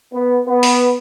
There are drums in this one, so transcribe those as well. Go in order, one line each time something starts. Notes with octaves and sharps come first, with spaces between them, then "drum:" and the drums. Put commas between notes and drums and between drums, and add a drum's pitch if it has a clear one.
B3
B3
drum: open hi-hat